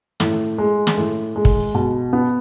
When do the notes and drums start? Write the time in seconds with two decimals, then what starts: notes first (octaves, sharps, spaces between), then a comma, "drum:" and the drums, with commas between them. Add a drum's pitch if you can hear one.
0.20 A2, drum: snare
0.58 G#3
0.87 drum: snare
0.97 A2
1.36 G#3
1.45 drum: kick
1.75 B2
2.13 B3